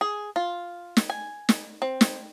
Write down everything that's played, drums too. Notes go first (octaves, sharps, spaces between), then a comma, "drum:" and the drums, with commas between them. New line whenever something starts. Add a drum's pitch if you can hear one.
G#4
F4
drum: snare
G#5
drum: snare
C4
drum: snare